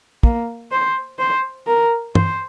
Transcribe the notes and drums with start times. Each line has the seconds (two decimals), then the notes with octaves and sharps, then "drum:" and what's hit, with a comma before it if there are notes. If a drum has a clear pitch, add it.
0.23 A#3, drum: kick
0.71 C5
1.19 C5
1.67 A#4
2.15 C5, drum: tom